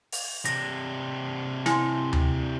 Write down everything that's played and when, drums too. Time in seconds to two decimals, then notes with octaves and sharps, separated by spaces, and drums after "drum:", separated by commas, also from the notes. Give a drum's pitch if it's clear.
0.12 drum: open hi-hat
0.45 C3 D4 A#6, drum: hi-hat
1.66 E4 G#5 C6, drum: snare
2.13 drum: tom D2